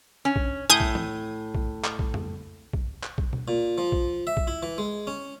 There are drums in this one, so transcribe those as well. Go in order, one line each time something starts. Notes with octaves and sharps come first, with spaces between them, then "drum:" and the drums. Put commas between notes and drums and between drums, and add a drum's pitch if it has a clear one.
C#4
drum: kick A#1
A2 G#5 D#6 G6
drum: kick A#1
drum: tom E3
drum: kick A#1
drum: clap
drum: kick A#1
drum: tom
drum: kick A#1
drum: clap
drum: kick A#1
drum: tom B2
A#2
F3
drum: kick A#1
E5
drum: kick A#1
E4
E3
G#3
C#4